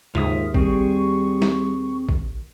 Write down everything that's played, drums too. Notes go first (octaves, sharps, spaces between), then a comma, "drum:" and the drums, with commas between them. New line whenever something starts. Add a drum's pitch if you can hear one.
D#2 G#2 F4 E5 D#6, drum: tom
G3 C4 G#4 C#6, drum: kick
drum: snare
drum: kick